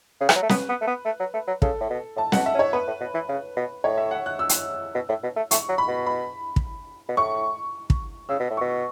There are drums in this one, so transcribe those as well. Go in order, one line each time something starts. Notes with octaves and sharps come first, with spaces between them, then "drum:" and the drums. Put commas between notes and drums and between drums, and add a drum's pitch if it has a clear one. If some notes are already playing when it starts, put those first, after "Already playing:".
C#3
E3, drum: rim click
F#3
A3
B3 B4, drum: snare
B3
A3
B3
A3
F#3
A3
F#3
C#3 A4, drum: kick
A2
B2
A2 A5
B2 F#5, drum: snare
E5
C#4
C#5
B3 B4
A2
B2
E3
C#3
B2
A2 C#5
E5
F#5
F#6
E6
drum: hi-hat
B2
A2
B2
A3
A3 C#6, drum: hi-hat
F#3
B5
B2
B5
drum: kick
B2
A2 C#6
drum: kick
C#3 E6
B2
A2
B2 C#6